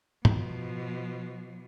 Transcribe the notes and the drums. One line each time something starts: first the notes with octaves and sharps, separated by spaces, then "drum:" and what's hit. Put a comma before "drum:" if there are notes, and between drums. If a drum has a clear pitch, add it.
B2 F3, drum: tom G#2